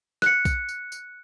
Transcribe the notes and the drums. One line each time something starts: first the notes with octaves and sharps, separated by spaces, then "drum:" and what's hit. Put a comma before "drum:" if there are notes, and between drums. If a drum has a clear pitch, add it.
F#6 C#7, drum: rim click
drum: kick B1, tambourine
drum: tambourine
drum: tambourine